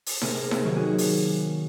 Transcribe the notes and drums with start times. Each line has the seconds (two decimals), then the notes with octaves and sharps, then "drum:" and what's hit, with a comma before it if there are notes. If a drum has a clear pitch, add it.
0.06 drum: open hi-hat
0.22 C3 G#4 A#4, drum: snare D#4
0.51 drum: snare D#4
0.63 D#3 F#3 A#3
0.75 F#4 G#4
0.98 drum: open hi-hat